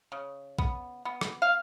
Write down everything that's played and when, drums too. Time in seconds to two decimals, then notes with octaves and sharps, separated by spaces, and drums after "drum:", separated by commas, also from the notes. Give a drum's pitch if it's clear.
0.12 C#3
0.59 B3, drum: kick B1
1.05 B3
1.21 drum: rim click
1.42 F5